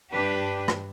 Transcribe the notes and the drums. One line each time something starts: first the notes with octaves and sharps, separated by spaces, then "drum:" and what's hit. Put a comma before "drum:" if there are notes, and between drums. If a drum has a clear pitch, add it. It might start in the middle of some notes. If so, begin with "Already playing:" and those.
G2 D4 G4 B4
drum: rim click